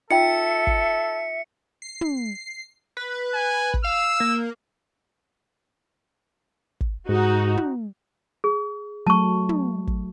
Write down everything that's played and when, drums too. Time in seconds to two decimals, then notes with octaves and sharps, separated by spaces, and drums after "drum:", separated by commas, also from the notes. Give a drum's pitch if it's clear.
0.11 D#4 F4 A4 E5 G5 C#7
0.67 drum: kick
1.82 C7
2.01 drum: tom
2.97 B4
3.34 G#5
3.74 drum: kick
3.84 F5 E6
4.20 A#3
6.81 drum: kick
7.09 G#2 D#4 F#4
7.57 drum: tom
8.44 G#4
9.07 F#3 A3 A5 C#6
9.49 drum: tom
9.87 drum: kick